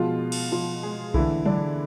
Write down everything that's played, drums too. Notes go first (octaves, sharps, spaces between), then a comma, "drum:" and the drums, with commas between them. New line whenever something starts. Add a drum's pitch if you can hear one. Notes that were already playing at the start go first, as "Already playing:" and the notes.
Already playing: B2 F3 G#3 F4
drum: cymbal
F3 F4
G#3 G#4
D3 E3 A3 E4, drum: kick B1
D3 D4, drum: tom F#3